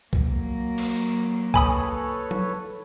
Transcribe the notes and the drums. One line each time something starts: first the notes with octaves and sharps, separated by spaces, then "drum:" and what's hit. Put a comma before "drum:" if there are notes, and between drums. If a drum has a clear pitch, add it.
F#3 A#3, drum: kick C2
drum: cymbal
A4 B4 C#5 G#5 B5 D#6, drum: kick C2
drum: tom F#3